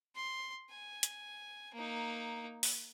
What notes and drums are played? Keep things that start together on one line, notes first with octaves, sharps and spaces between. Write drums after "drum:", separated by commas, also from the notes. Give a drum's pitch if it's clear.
C6
G#5
drum: hi-hat
A#3 D#4
drum: open hi-hat